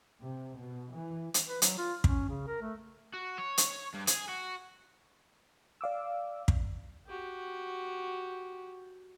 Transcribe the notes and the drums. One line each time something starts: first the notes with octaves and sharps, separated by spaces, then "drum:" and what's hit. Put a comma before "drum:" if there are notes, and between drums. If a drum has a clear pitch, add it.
C3
B2
E3
drum: hi-hat
B4
F#3, drum: hi-hat
F4
C#4, drum: kick
C#3
A#4
A3
F#4
C#5
drum: hi-hat
G2
G#4, drum: hi-hat
F#4
D5 F5 D6 E6
drum: kick
F#4 G4